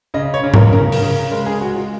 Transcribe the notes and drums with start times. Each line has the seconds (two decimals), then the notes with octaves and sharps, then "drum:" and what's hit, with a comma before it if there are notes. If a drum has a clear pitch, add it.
0.14 C#3 D#5
0.34 C#5
0.44 C#3
0.54 A#4, drum: tom G#2
0.73 C#3 A#4
0.92 A#4, drum: open hi-hat
1.02 C#3
1.31 G#3 A#4
1.46 G#4
1.61 G#3 F#4
1.76 F4